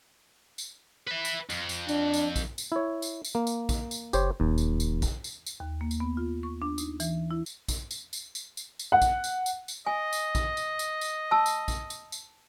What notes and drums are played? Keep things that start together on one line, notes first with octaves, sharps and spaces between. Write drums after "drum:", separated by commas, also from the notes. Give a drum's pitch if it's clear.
drum: tambourine
B4 E5
drum: tambourine
F2, drum: tambourine
drum: tambourine
D4, drum: tambourine
drum: tambourine
drum: kick A#1, tambourine
drum: tambourine
E4 C#5
drum: tambourine
drum: tambourine
A#3
drum: tambourine
drum: kick A#1, tambourine
drum: tambourine
F#1 G4 C5 C#5, drum: tambourine
D1 D#2
drum: tambourine
drum: tambourine
drum: kick A#1, tambourine
drum: tambourine
drum: tambourine
D#2
A#3
drum: tambourine
B3
F4
C#6
D4
D#4, drum: tambourine
E3, drum: tambourine
E4
drum: tambourine
drum: kick A#1, tambourine
drum: tambourine
drum: tambourine
drum: tambourine
drum: tambourine
drum: tambourine
F#5
drum: kick A#1, tambourine
drum: tambourine
drum: tambourine
drum: tambourine
D#5 G#5
drum: tambourine
drum: kick A#1, tambourine
drum: tambourine
drum: tambourine
drum: tambourine
A5 E6
drum: tambourine
drum: kick A#1, tambourine
drum: tambourine
drum: tambourine